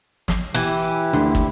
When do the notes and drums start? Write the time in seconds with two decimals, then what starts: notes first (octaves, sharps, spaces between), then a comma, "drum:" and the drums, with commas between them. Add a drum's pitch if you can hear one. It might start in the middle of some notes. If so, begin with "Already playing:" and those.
0.28 drum: snare
0.55 E3 E4 G4
1.13 D2 D3
1.35 drum: kick